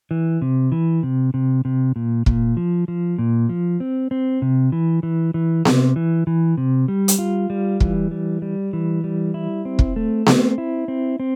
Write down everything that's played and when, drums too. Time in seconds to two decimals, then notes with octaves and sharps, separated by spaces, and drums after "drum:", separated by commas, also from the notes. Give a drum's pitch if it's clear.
0.11 E3
0.42 C3
0.72 E3
1.03 C3
1.34 C3
1.65 C3
1.96 A#2
2.26 A#2, drum: kick
2.57 F3
2.88 F3
3.18 A#2
3.49 F3
3.80 C4
4.11 C4
4.42 C3
4.72 E3
5.03 E3
5.34 E3
5.65 C3, drum: snare B3
5.96 E3
6.27 E3
6.57 C3
6.88 G3
7.08 drum: hi-hat
7.19 F4
7.50 G3
7.80 E3, drum: kick
8.11 G3
8.42 G3
8.73 E3
9.04 G3
9.34 E4
9.65 C4
9.79 drum: kick
9.96 A3
10.26 C4, drum: snare B3
10.58 E4
10.88 C4
11.20 C4